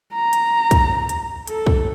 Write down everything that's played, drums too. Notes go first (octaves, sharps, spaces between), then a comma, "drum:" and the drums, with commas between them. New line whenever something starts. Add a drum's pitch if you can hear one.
A#5
drum: hi-hat
drum: kick, hi-hat
drum: hi-hat
A4, drum: hi-hat
drum: kick